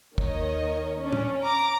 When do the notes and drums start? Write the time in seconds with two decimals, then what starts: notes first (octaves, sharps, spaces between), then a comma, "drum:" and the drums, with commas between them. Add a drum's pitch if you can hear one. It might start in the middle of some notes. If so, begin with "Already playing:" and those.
0.18 D#2 D#3 C#5 D#5, drum: kick
1.02 C#4 D4
1.12 drum: tom
1.42 A#5 D6